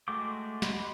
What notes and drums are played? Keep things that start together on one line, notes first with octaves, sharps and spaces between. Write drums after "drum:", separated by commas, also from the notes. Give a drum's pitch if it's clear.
G#3 A3 F#4 G5 D6
G4 D#5 F#5 B5 C6, drum: snare